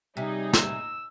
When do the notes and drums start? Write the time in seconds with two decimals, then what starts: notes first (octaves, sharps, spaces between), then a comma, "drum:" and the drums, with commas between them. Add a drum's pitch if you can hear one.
0.17 C3 G3 C#4 D#4 G#4
0.53 E6, drum: snare